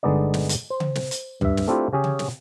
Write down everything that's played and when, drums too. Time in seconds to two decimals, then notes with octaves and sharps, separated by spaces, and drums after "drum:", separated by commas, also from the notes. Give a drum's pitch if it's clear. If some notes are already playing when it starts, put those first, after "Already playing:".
0.03 G1 D3 G#3 B3 D#4 D5
0.34 drum: snare
0.49 drum: hi-hat
0.70 C5
0.80 drum: tom C#3
0.96 drum: snare
1.11 drum: hi-hat
1.41 G2 E5, drum: tom
1.57 drum: snare
1.68 A3 C4 D4 E4 F4 G4
1.93 C#3 C#4 G4 G#4
2.04 drum: tom C#3
2.19 drum: snare